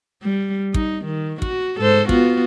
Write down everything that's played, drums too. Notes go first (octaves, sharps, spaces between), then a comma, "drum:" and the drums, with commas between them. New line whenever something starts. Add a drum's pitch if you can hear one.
G3
D#4, drum: kick
D#3
F#4, drum: kick
G#2 A4 C5
B3 F4 F#4, drum: kick